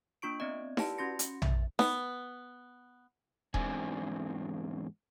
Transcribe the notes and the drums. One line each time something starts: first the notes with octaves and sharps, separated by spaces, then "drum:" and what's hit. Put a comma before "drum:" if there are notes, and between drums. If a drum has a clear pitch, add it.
A#3 D4 F4 C#6 D7
B3 C4 D5 D#5
E4 G4 B4 D5 F#5 A5, drum: snare D#4
C#4 F#4 C6 A#6 C#7
drum: hi-hat
E5, drum: tom A#1
B3, drum: snare D#4
E2 G#2 C4 D4 G#5, drum: kick D#1